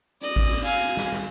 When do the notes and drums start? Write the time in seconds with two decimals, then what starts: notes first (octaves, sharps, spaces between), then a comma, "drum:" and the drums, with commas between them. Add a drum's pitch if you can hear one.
0.21 D5 D#5, drum: cymbal
0.36 drum: kick G#1, cymbal
0.51 drum: cymbal
0.63 F5 G#5
0.82 drum: cymbal
0.97 drum: snare
1.12 drum: snare